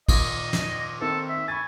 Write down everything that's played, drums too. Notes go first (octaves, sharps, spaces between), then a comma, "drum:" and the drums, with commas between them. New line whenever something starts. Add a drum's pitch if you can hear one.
A#2 D#3 D#5 D#6, drum: kick, cymbal
drum: snare
D#3 A#3 C4 A4
E5
G#5 B5 C#6 A6